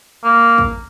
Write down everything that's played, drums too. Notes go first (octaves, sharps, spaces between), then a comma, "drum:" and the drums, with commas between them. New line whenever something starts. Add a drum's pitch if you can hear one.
A#3
drum: kick